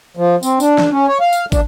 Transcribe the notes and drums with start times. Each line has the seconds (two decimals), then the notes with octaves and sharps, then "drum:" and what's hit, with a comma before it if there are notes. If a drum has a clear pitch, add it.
0.17 F3
0.43 C4, drum: tambourine
0.60 D4, drum: tambourine
0.78 drum: snare
0.91 C#4
1.08 C#5
1.20 F5
1.33 drum: tambourine
1.52 D4, drum: kick, tambourine